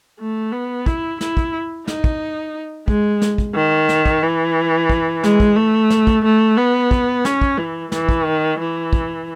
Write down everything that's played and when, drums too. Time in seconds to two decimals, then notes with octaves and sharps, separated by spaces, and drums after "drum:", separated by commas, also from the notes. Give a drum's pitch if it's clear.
0.20 A3
0.52 B3
0.86 E4, drum: kick
1.21 E4, drum: snare
1.37 drum: kick
1.87 D#4, drum: snare
2.04 drum: kick
2.88 G#3, drum: kick
3.22 drum: snare
3.38 drum: kick
3.55 D#3
3.89 drum: snare
4.06 drum: kick
4.23 E3
4.90 drum: kick
5.24 G#3, drum: snare
5.40 drum: kick
5.56 A3
5.90 drum: snare
6.07 drum: kick
6.25 A3
6.57 B3
6.91 drum: kick
7.25 C#4, drum: snare
7.42 drum: kick
7.58 E3
7.92 E3, drum: snare
8.09 drum: kick
8.26 D#3
8.59 E3
8.93 drum: kick